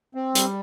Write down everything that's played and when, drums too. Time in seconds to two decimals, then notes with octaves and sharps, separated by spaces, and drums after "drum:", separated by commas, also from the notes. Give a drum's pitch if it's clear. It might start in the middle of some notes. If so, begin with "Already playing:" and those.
0.15 C4
0.35 G3, drum: hi-hat